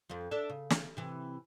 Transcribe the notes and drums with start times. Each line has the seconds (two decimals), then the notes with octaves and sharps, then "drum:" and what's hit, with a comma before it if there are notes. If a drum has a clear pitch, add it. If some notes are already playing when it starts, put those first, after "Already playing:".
0.09 F2 F3
0.31 D4 A4 E5
0.50 C#3
0.70 drum: snare
0.97 C3 E3